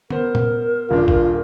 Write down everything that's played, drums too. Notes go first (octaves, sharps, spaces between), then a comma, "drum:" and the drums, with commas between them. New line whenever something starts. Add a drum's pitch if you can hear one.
B3 A#4 C5, drum: tom
drum: tom A#2
D#1 D4 F4
drum: kick